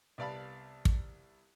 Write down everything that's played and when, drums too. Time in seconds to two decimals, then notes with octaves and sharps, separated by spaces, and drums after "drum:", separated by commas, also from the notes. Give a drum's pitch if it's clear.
0.18 C2 B3 D5 F5 A5 B5
0.85 drum: kick